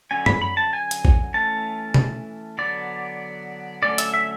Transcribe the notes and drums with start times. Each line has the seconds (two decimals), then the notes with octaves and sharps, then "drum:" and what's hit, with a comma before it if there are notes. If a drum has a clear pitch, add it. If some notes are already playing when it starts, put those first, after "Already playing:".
0.11 D3 F#3 C#4 G#5
0.26 B5, drum: tom F#2
0.42 B5
0.57 A5
0.73 G#5
0.91 drum: hi-hat
1.05 drum: kick A1
1.34 E3 A3 C#4 A5
1.94 drum: tom B2
2.58 D3 F#3 B3 D5
3.82 D3 F#3 A3 C#4 D5
3.98 E5, drum: hi-hat
4.14 E5